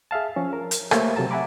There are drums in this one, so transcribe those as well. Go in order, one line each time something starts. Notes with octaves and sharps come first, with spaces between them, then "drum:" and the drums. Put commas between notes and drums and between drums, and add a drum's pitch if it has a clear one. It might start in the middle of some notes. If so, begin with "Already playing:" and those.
G#4 E5 F5 A5
F3 C#4
A#4
drum: hi-hat
A3 A#3 G4 C5 C#5 E5, drum: rim click
C3 F#3 A4 A5 A#5
E5 F#5 G#5 A#5 B5 D6